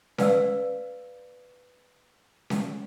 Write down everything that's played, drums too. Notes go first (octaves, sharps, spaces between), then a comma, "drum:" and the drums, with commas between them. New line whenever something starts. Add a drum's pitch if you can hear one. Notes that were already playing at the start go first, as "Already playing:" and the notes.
B4 D5 F5 E6, drum: snare C#4
drum: snare C#4